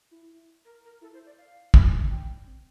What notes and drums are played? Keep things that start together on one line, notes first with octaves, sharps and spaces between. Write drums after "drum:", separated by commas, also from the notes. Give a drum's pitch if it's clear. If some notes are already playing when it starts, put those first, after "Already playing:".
E4
A#4
A#4
E4 A4
C5
D5
F5
E4, drum: kick
D4 G5
C4